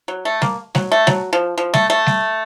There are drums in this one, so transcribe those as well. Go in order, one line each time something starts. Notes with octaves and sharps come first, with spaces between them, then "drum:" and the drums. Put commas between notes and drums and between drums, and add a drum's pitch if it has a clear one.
F#3
A3
A#3, drum: snare G3
F#3, drum: snare G3
A3
F#3, drum: snare G3
F3
F3
A3, drum: snare G3
A3
drum: snare G3